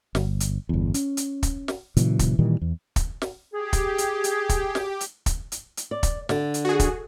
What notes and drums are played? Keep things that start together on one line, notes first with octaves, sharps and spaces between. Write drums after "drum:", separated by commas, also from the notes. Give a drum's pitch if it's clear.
G1, drum: snare
drum: hi-hat
G1 E2
C#4, drum: hi-hat
drum: hi-hat
drum: kick, hi-hat
drum: snare
A#2 C#3 E3 F#3, drum: hi-hat
drum: kick, hi-hat
A#2 D#3 E3 G3
E2
drum: kick, hi-hat
drum: snare
G4 G#4
drum: kick, hi-hat
drum: hi-hat
drum: hi-hat
drum: kick, hi-hat
drum: snare
drum: hi-hat
drum: kick, hi-hat
drum: hi-hat
drum: hi-hat
D5
drum: kick, hi-hat
D3, drum: snare
drum: hi-hat
F#4 G#4
drum: kick, hi-hat